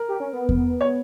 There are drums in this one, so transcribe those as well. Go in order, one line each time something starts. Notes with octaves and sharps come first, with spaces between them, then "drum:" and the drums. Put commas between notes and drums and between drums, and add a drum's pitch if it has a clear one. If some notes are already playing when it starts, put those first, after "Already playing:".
Already playing: A#4
G4
C#4
B3
drum: kick E2
C#5